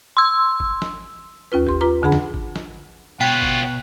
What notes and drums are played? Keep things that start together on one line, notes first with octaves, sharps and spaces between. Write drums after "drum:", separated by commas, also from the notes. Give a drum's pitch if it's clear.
C6 E6
drum: kick G#1
drum: snare
D#2 C#4 F4 B4
G4 C6, drum: kick G#1
F4 B4 A#5 D6
F2 D3 D4 G#4 F#5 B5
drum: snare
drum: kick G#1
drum: snare
B2 F4 C#5 F#5 G5 B6
drum: kick G#1